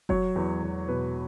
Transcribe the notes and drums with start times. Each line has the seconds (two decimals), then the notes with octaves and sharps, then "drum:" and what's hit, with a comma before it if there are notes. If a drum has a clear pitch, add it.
0.09 F#3 C#5, drum: kick F1
0.36 E2
0.62 E2
0.88 B2 B4